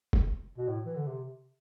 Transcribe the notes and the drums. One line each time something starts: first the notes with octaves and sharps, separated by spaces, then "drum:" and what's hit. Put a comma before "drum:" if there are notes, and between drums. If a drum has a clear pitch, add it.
drum: kick
B2
A2
E3
D3
C3